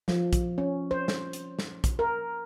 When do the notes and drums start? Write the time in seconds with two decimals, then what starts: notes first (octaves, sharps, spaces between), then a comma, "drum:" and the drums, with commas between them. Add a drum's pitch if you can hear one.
0.08 F3, drum: snare
0.33 drum: kick, hi-hat
0.58 C#4
0.91 C5
1.08 drum: snare
1.33 drum: hi-hat
1.59 drum: snare
1.84 drum: kick, hi-hat
1.99 A#4